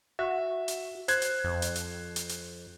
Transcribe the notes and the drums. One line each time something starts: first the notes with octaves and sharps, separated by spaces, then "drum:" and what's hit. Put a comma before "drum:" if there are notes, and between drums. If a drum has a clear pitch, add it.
F#4 E5
drum: hi-hat
C5 F#6 G#6, drum: hi-hat
drum: hi-hat
F2
drum: hi-hat
drum: hi-hat
drum: hi-hat
drum: hi-hat